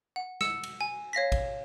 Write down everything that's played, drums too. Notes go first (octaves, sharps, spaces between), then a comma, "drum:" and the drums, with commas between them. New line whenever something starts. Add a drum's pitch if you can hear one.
F#5
E6 C#7 E7, drum: snare
drum: cymbal
G#5
C#5 F5 A#6 B6
drum: kick G#1, cymbal